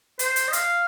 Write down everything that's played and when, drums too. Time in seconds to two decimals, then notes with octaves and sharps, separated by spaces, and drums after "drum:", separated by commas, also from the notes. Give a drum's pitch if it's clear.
0.19 C5, drum: hi-hat
0.36 drum: hi-hat
0.48 D#5
0.53 F5, drum: hi-hat